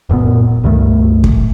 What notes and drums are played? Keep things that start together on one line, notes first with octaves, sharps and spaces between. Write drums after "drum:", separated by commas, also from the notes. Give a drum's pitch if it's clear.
D#1 F#2 A#2 B3
C#2 G2 D#3 A3
drum: kick